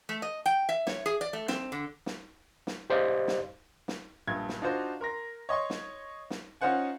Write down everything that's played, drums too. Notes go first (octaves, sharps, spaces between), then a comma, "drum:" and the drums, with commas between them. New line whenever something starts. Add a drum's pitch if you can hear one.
A3
D#5
G5
E5
C#5, drum: snare
G#4
D5
A3
C4, drum: snare
D3
drum: snare
drum: snare
G4 C5 D5 D#5 F5
drum: snare
drum: snare
A#1 G2 G#6
drum: snare
D4 D#4 F4 F#4 C5
A#4 C6 A#6
C#5 D#5 C6 C#6
drum: snare
drum: snare
C#4 D#4 F4 C5 F#5 G#5